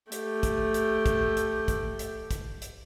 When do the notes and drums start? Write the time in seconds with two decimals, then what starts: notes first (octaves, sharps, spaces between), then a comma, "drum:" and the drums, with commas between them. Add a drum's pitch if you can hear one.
0.12 A3 G4, drum: hi-hat
0.43 drum: kick, hi-hat
0.74 drum: hi-hat
1.06 drum: kick, hi-hat
1.37 drum: hi-hat
1.68 drum: kick, hi-hat
1.99 drum: hi-hat
2.31 drum: kick, hi-hat
2.62 drum: hi-hat